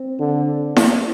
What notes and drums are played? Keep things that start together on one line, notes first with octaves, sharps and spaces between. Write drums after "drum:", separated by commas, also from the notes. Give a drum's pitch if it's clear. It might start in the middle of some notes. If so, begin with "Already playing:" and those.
Already playing: C4
D3
drum: snare E4